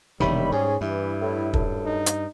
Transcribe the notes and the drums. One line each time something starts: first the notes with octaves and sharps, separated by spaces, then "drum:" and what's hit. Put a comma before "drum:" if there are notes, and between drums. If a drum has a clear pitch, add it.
E1 C3 D#3 G3 C#5 E5 B5
G#2 C#4 G#4
G2 E3 E4
A2
F#2 A2 A4, drum: kick
D#4
drum: hi-hat